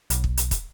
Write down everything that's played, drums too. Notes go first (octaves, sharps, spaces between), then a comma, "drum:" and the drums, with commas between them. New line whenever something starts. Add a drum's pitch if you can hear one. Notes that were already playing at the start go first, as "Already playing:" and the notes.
B1, drum: hi-hat
drum: kick
drum: hi-hat
drum: kick, hi-hat